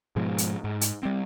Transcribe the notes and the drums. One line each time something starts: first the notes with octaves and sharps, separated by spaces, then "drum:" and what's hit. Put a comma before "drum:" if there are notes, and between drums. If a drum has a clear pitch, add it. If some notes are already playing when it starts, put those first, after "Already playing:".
G#2 B2 F3 G#3
drum: hi-hat
G#2
drum: hi-hat
G3 C4